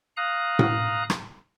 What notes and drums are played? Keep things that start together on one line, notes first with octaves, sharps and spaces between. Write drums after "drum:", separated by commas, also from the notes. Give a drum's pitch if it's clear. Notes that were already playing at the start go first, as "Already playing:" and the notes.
F5 A#5 D#6 F#6
drum: tom A2
drum: rim click